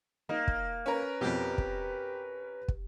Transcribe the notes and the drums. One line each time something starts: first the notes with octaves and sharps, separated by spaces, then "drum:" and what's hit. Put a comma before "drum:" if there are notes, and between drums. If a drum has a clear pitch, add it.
A#3 D#4
drum: kick
C#4 A#4 B4
F2 B2 G4
drum: kick
drum: kick